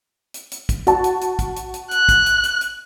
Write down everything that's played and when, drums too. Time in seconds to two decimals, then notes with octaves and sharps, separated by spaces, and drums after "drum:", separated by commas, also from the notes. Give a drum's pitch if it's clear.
0.34 drum: hi-hat
0.52 drum: hi-hat
0.69 drum: kick, hi-hat
0.87 F#4 A5, drum: hi-hat
1.04 drum: hi-hat
1.21 drum: hi-hat
1.39 drum: kick, hi-hat
1.56 drum: hi-hat
1.74 drum: hi-hat
1.91 F#6, drum: hi-hat
2.09 drum: kick, hi-hat
2.26 drum: hi-hat
2.44 drum: hi-hat
2.61 drum: hi-hat